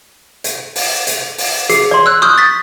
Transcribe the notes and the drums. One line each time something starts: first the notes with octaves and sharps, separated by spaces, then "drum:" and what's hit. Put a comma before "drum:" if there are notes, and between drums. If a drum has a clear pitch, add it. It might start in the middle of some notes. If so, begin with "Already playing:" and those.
drum: hi-hat
drum: open hi-hat
drum: hi-hat
drum: open hi-hat
G#4 C7, drum: hi-hat
D5 C6
E6 F#6
C#6 D#6 F6 G6
A6 B6